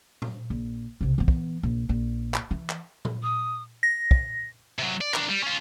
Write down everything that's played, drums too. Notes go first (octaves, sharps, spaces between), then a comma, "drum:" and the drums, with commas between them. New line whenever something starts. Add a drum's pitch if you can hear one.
drum: tom
A#1
B1 C3
E3 B3
drum: kick
A#1
A#1
drum: clap
E3
drum: clap
drum: tom A#2
D#6
A#6
drum: kick
C3 F#3
D5
D4 A#4, drum: clap
G3
C#4 F4